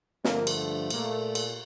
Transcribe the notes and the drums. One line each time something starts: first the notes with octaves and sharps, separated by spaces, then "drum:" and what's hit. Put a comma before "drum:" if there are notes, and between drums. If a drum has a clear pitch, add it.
G2 D3 F3 A3 A#3, drum: snare
drum: cymbal
A#2 A3 A#3, drum: cymbal
drum: cymbal